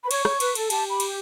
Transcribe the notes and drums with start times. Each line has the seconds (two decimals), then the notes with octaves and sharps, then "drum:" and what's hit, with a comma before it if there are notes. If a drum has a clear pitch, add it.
0.04 B4 B5
0.11 C#5 C#6, drum: cymbal
0.25 C#5, drum: rim click
0.40 B4, drum: cymbal
0.55 A4, drum: cymbal
0.70 G4 A5, drum: cymbal
0.90 B5
1.00 drum: cymbal